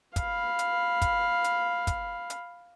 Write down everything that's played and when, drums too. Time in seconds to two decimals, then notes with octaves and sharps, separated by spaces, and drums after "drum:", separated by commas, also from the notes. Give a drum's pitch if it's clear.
0.16 F5 B5, drum: kick, hi-hat
0.59 drum: hi-hat
1.02 drum: kick, hi-hat
1.44 drum: hi-hat
1.87 drum: kick, hi-hat
2.30 drum: hi-hat